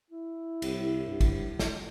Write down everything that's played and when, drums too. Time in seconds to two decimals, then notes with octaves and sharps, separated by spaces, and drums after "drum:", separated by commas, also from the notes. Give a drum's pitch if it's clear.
0.10 E4
0.62 C2, drum: cymbal
1.08 G2
1.21 drum: kick, cymbal
1.59 drum: snare